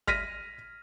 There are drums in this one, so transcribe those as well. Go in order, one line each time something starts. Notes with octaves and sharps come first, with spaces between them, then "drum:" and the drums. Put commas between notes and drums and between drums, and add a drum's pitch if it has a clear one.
F6 A#6 B6 D#7, drum: kick G1